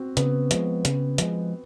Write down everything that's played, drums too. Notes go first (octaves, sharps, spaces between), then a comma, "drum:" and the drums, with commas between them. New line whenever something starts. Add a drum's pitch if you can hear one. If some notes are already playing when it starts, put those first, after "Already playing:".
Already playing: C4 F#4
C#3 B3, drum: hi-hat
F3 G#3, drum: hi-hat
C#3, drum: hi-hat
F3 G#3, drum: hi-hat